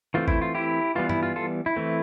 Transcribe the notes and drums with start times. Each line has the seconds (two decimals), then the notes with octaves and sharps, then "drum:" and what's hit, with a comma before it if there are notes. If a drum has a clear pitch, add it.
0.14 E3 A3 C4 F4
0.28 E4, drum: kick G#1
0.42 F4
0.55 E4 G4
0.95 E3 G3 B3 F4
1.10 E4, drum: tom G2
1.23 F4
1.36 F4 A4
1.66 E4
1.76 E3 A3 C4